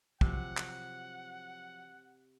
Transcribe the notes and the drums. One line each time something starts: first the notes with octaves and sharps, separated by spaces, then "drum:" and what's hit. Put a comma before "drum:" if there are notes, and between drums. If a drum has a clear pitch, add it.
C3 F3 F#3 F#5, drum: kick
drum: clap